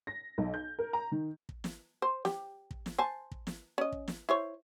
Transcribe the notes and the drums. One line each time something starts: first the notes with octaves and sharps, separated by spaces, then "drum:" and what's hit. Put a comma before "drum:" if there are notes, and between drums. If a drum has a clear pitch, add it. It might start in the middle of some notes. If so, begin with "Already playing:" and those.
A#6
B1
G6
A#4
A#5
D#3
drum: kick
drum: snare
C5
G4, drum: snare
drum: kick
drum: snare
C5 G#5 A5
drum: kick
drum: snare
C#4 D#5
drum: kick
drum: snare
E4 C5 C#5